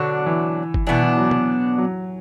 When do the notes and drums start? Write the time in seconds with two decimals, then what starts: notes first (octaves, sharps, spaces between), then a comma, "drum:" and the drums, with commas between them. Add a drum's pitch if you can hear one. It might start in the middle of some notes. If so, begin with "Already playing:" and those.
Already playing: B2 D3 F#3 D4
0.26 E3
0.74 drum: kick F#1
0.87 B2 E3 B3 D4
1.03 E3
1.17 F#3
1.31 drum: tom
1.78 F#3